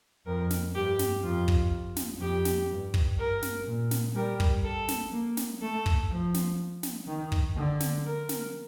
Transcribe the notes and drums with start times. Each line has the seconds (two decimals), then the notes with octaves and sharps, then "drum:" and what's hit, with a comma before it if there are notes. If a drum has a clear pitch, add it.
0.26 F2 A#4
0.50 drum: snare
0.75 G2 G4
0.99 drum: snare
1.23 F2 F4
1.48 drum: kick
1.96 drum: snare
2.20 F2 G4
2.45 drum: snare
2.69 G2
2.94 drum: kick
3.18 A#4
3.42 drum: snare
3.67 A#2
3.91 drum: snare
4.15 G3 A#4
4.40 drum: kick
4.64 A4
4.88 drum: snare
5.13 A#3
5.37 drum: snare
5.61 A3 A4
5.86 drum: kick
6.10 F3
6.34 drum: snare
6.83 drum: snare
7.07 D#3
7.32 drum: kick
7.56 D3
7.80 drum: snare
8.05 A#4
8.29 drum: snare